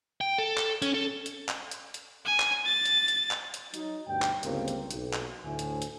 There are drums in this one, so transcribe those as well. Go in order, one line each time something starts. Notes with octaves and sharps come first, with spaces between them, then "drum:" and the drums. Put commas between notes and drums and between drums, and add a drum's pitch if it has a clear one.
G5
A4
drum: clap
C#4, drum: hi-hat
A4
drum: hi-hat
drum: clap
drum: hi-hat
drum: hi-hat
G#5
drum: clap
A6
drum: hi-hat
drum: hi-hat
drum: clap
drum: hi-hat
F#3 D#4, drum: hi-hat
D2 G2 B2 G3 G5
drum: clap
G1 C#2 A#3 C4 G4 A#4, drum: hi-hat
drum: hi-hat
B1, drum: hi-hat
drum: clap
D2 A2 G#5
drum: hi-hat
drum: hi-hat